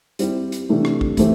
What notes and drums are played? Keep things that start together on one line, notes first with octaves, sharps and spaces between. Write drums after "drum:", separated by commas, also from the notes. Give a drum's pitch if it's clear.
G3 C4 E4 G4, drum: hi-hat
drum: hi-hat
C3 E3 A3 D4 G4
drum: rim click
drum: kick
A2 E3 A3 C4 G4, drum: kick, hi-hat